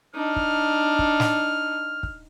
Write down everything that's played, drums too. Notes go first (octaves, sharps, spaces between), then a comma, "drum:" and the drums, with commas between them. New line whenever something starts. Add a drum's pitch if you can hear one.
D4 D#4 F6
drum: kick
drum: kick
drum: snare
drum: kick